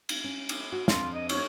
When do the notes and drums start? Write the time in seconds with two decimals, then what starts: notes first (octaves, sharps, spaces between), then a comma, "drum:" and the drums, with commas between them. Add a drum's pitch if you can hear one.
0.09 drum: cymbal
0.24 C#4
0.49 drum: cymbal
0.72 F#4
0.88 F2 C4 D4 F4, drum: snare
1.14 D#5
1.29 C#5, drum: cymbal